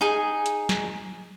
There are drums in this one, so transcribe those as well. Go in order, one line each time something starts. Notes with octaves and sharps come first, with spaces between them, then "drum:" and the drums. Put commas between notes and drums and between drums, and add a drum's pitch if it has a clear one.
D#4 G#4 G#5
drum: hi-hat
drum: snare